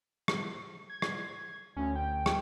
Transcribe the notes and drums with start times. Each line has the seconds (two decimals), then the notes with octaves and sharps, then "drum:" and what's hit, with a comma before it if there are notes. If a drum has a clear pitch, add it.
0.28 drum: rim click
0.90 G#6
1.02 drum: rim click
1.77 D2 C#4
1.96 G5
2.26 drum: rim click